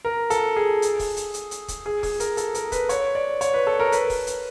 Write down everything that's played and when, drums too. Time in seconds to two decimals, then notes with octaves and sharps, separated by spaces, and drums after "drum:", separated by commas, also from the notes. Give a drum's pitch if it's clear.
0.05 A#4
0.30 A4, drum: hi-hat
0.56 G#4
0.82 drum: hi-hat
0.99 drum: kick, open hi-hat
1.17 drum: hi-hat
1.34 drum: hi-hat
1.51 drum: hi-hat
1.68 drum: kick, hi-hat
1.86 G#4
2.03 G#4, drum: kick, open hi-hat
2.20 A#4, drum: hi-hat
2.37 A4, drum: hi-hat
2.54 A#4, drum: hi-hat
2.72 B4, drum: kick, hi-hat
2.89 C#5, drum: hi-hat
3.15 D5
3.41 C#5, drum: hi-hat
3.54 B4
3.67 A4
3.80 A#4
3.92 B4, drum: hi-hat
4.10 drum: kick, open hi-hat
4.27 drum: hi-hat